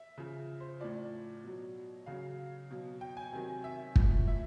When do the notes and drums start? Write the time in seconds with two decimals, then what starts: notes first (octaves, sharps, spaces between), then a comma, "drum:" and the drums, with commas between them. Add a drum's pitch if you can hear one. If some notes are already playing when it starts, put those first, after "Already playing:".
Already playing: E5
0.18 C#3 F3
0.61 C5
0.81 A2 F3 D5
1.44 B2 F#3
2.06 C#3 F#3 F5
2.71 B2 F#3
3.01 G5
3.17 G#5
3.32 C3 D#3 F#3
3.64 E5
3.96 A2 F3, drum: kick
4.28 E5